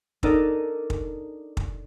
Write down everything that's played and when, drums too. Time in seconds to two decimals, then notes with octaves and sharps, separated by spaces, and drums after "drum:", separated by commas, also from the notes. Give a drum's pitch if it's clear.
0.23 D4 D#4 A4 A#4 D5 D#5, drum: kick
0.90 drum: kick
1.57 drum: kick